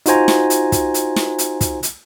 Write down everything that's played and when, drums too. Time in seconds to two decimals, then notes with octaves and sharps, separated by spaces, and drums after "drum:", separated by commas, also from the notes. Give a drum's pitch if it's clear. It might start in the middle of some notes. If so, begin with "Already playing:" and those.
0.06 D#4 F4 F#4 C5 G#5 A#5, drum: hi-hat
0.28 drum: snare
0.50 drum: hi-hat
0.72 drum: kick, hi-hat
0.94 drum: hi-hat
1.16 drum: snare
1.39 drum: hi-hat
1.61 drum: kick, hi-hat
1.83 drum: hi-hat